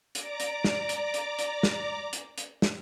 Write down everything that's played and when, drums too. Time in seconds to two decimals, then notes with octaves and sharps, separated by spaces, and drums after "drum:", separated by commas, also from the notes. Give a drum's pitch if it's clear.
0.15 D5 A#5 D6, drum: hi-hat
0.40 drum: hi-hat
0.64 drum: snare
0.89 drum: hi-hat
1.14 drum: hi-hat
1.39 drum: hi-hat
1.63 drum: snare
2.13 drum: hi-hat
2.38 drum: hi-hat
2.62 drum: snare